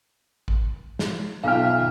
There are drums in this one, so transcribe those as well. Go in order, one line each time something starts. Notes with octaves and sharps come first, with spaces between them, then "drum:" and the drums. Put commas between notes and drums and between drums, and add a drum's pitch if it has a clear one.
drum: kick A1
drum: snare
B1 F4 E5 F5 G5 F6